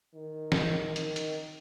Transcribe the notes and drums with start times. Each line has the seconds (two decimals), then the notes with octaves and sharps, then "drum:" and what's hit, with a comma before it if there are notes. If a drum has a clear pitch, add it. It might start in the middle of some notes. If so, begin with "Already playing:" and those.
0.14 D#3
0.52 drum: snare
0.96 D#3, drum: hi-hat
1.16 drum: hi-hat